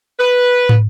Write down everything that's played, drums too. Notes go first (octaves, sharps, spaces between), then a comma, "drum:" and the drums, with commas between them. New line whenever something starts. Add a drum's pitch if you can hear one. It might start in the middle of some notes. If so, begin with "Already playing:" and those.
B4
drum: tom